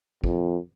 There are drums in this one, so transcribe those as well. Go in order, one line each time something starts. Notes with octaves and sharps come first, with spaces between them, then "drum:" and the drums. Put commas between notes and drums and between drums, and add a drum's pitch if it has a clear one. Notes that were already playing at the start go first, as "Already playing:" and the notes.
F2, drum: kick